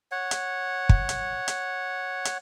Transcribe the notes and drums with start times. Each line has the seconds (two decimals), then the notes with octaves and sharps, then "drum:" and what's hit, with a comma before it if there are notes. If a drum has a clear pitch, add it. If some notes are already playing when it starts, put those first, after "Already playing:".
0.12 C#5 F#5
0.31 drum: hi-hat
0.89 drum: kick
1.09 drum: hi-hat
1.48 drum: hi-hat
2.25 drum: hi-hat